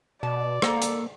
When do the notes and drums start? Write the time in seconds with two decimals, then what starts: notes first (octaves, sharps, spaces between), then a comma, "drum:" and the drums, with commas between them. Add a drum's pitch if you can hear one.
0.23 B2 D5 A5
0.62 A#3 A4 A#5, drum: rim click
0.82 drum: hi-hat